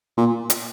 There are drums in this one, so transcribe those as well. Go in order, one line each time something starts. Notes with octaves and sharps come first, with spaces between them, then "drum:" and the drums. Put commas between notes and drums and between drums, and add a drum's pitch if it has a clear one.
A#2
drum: hi-hat